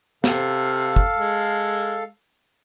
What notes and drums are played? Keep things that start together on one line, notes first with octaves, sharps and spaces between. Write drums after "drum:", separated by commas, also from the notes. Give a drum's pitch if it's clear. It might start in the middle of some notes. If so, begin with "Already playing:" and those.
C3 A4 F5, drum: snare
drum: kick
G#3